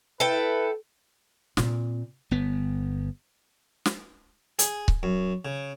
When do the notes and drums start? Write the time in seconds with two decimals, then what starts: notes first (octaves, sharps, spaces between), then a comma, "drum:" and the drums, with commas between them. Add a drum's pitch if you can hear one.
0.20 E4 A4 B4 G5
1.57 A#2 C4, drum: snare
2.31 G1 B3
3.86 drum: snare
4.59 G#4, drum: hi-hat
4.88 drum: kick C#1
5.03 F#2
5.45 C#3